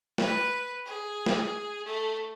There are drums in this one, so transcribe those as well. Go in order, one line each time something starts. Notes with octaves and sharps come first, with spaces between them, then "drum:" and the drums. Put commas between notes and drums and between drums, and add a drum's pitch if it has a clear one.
B4, drum: snare
G#4
drum: snare
A3